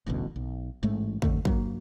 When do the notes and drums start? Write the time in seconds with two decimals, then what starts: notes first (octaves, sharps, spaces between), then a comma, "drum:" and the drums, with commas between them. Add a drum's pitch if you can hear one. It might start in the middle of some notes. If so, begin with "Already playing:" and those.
0.06 D#1 A1 D2 B2
0.36 B1
0.83 A1 G#2 G#3 A3
1.22 F2 D3 A3, drum: kick
1.45 G2 F#3 A#3, drum: kick